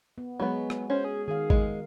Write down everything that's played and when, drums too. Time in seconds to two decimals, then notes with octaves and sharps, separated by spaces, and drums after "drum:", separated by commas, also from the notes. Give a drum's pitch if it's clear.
0.18 B3
0.40 F#3 G#3 B3 F#4
0.70 drum: rim click
0.90 C#4 C5
1.05 G#4
1.28 D#3 G#4 F5
1.50 G#3, drum: kick G#1